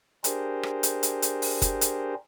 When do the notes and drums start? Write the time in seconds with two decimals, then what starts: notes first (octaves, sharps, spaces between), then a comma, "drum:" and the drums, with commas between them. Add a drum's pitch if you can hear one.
0.24 D4 G4 G#4 A#4 C5, drum: hi-hat
0.63 drum: rim click
0.83 drum: hi-hat
1.03 drum: hi-hat
1.22 drum: hi-hat
1.42 drum: open hi-hat
1.62 drum: kick F#1, hi-hat
1.81 drum: hi-hat